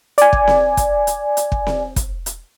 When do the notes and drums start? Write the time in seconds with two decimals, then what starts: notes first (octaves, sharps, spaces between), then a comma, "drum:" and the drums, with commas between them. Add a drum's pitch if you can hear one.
0.18 D5 G#5, drum: hi-hat
0.33 drum: kick
0.48 drum: snare C4
0.77 drum: kick, hi-hat
1.07 drum: hi-hat
1.37 drum: hi-hat
1.52 drum: kick
1.67 drum: snare C4
1.96 drum: kick, hi-hat
2.26 drum: hi-hat